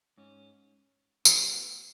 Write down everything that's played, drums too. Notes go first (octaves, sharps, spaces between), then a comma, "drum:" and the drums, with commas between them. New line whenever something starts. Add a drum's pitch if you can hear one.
G#2 C#4
A2 C4, drum: tambourine
B3